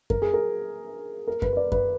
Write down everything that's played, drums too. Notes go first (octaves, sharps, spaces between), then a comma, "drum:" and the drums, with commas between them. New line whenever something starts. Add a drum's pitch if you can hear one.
A#4, drum: kick F#2
G#4
A#4
A#4
B4, drum: kick F#2
B4
D5
B4, drum: kick F#2